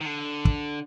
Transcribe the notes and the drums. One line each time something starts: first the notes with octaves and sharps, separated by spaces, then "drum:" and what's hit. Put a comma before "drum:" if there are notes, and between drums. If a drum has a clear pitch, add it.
D#3
D3
drum: kick